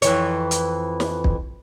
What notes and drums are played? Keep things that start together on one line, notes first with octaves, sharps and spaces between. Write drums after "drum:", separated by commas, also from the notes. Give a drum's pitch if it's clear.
F2 E3 C#5, drum: hi-hat
drum: hi-hat
drum: snare
drum: kick